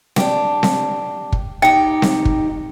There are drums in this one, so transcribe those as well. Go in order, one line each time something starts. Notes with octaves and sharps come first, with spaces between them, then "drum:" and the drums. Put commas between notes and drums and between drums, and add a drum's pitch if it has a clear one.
D4 G4, drum: snare C4
drum: snare C4
drum: kick
D#4 G4 G5
drum: snare C4
drum: kick